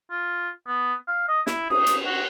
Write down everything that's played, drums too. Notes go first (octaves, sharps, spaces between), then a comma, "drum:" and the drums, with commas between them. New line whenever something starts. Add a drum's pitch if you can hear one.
F4
B3
F5
D#5
E4, drum: snare
D#6, drum: cymbal
drum: hi-hat
F#4